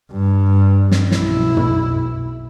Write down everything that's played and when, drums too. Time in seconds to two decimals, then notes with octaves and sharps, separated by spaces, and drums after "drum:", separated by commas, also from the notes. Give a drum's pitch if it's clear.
0.12 G2
0.91 drum: snare
1.11 B1 E4, drum: snare
1.57 drum: tom